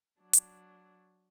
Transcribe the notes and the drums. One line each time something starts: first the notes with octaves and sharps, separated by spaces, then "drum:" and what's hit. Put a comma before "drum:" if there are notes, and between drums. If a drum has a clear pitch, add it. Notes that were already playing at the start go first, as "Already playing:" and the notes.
F#3 D4
drum: hi-hat